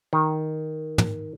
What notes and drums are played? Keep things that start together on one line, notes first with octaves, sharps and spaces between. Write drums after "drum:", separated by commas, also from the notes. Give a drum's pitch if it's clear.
D#3
drum: tom